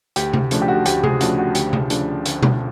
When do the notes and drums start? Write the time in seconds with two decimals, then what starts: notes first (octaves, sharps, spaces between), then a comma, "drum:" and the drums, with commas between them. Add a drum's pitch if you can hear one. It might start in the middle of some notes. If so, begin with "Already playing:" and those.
0.16 D2 G4, drum: hi-hat
0.33 drum: tom C3
0.51 C#3 F3 A3 D4, drum: hi-hat
0.62 G4
0.68 F#4
0.86 D2 G4, drum: hi-hat
1.03 G#4, drum: tom C3
1.21 C#3 F3 A3 D4 F#4, drum: hi-hat
1.38 F#4
1.55 D2 G4, drum: hi-hat
1.73 drum: tom C3
1.90 C#3 F3 A3 D4, drum: hi-hat
2.26 D2, drum: hi-hat
2.43 drum: tom B2